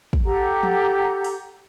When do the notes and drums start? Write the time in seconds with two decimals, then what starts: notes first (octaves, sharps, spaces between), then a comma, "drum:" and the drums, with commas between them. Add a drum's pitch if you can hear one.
0.13 drum: kick
0.25 G4 A4 F#5 A#5
0.63 drum: tom F3
1.24 drum: open hi-hat